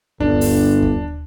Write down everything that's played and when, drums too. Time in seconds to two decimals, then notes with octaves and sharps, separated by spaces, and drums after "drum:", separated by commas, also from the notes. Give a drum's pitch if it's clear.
0.20 G1 D4, drum: kick D#2
0.41 drum: open hi-hat
0.82 drum: kick D#2